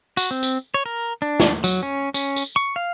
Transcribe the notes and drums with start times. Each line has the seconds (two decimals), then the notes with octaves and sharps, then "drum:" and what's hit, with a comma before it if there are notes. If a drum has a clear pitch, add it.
0.17 F#4, drum: tambourine
0.31 C4
0.43 drum: tambourine
0.74 C#5
0.86 A#4
1.22 D4
1.40 drum: snare
1.64 F#3, drum: tambourine
1.83 C#4
2.14 C#4, drum: tambourine
2.36 drum: tambourine
2.56 C#6
2.76 F5